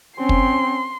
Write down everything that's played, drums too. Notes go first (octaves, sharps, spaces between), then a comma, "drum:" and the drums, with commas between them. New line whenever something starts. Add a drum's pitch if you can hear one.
C4 C#4 C6
drum: kick